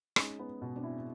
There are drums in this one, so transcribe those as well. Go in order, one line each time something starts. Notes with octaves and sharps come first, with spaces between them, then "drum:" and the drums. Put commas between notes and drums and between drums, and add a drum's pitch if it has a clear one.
G#3 C#4 D#4, drum: rim click
B3
B2
C4 D4
E4
D4